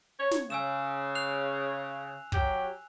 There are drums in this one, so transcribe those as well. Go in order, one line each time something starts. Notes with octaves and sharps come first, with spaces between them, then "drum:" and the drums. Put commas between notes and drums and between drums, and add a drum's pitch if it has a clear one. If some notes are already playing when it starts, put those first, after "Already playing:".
C#5
drum: snare
C#3 G#5 E6 E7
F#6 C7 F7
F#3 G4 G5, drum: kick